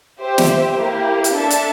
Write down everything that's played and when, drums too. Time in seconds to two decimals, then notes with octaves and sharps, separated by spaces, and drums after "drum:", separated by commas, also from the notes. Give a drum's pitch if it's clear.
0.20 G4 C5 E5
0.38 drum: snare
0.77 A#3 E4 G4 A#4
1.24 drum: hi-hat
1.34 D4 A4 E5 A5
1.50 drum: hi-hat